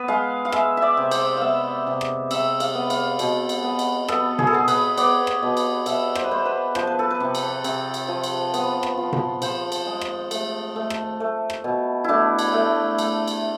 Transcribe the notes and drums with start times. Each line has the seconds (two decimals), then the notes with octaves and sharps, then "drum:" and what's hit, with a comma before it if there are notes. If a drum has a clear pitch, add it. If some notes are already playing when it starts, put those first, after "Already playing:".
Already playing: B3 B4
0.08 G#3 F5
0.45 F5
0.52 G#3 E5, drum: rim click
0.77 D5 E5
0.97 C3
1.11 C5, drum: cymbal
1.37 B3 E5 F5
1.87 C3
2.01 drum: rim click
2.31 C3 E5, drum: cymbal
2.60 F5, drum: cymbal
2.75 B3
2.90 F5, drum: cymbal
3.19 B2, drum: cymbal
3.49 drum: cymbal
3.64 B3
3.79 drum: cymbal
4.08 B3 A4, drum: rim click
4.39 G#4, drum: tom B2
4.47 A4
4.53 B3 G#4
4.68 B4, drum: cymbal
4.98 B3 D5, drum: cymbal
5.27 drum: rim click
5.43 B2
5.57 drum: cymbal
5.86 B2 E5, drum: cymbal
6.15 C5, drum: rim click
6.24 B4
6.31 B3 C5
6.45 B4
6.75 F3 C5, drum: rim click
6.87 B4
6.99 A4
7.11 B4
7.20 C3
7.35 drum: cymbal
7.64 C3, drum: cymbal
7.94 drum: cymbal
8.08 F3
8.24 drum: cymbal
8.54 B3, drum: cymbal
8.83 drum: rim click
8.97 F3
9.12 drum: tom B2
9.42 F3 C5, drum: cymbal
9.72 drum: cymbal
9.87 G#3
10.01 drum: rim click
10.31 A3, drum: cymbal
10.76 A3
10.90 drum: rim click
11.20 A3
11.50 drum: rim click
11.64 B2
12.04 A3 D4 E4
12.39 drum: cymbal
12.53 A3
12.98 A3, drum: cymbal
13.28 drum: cymbal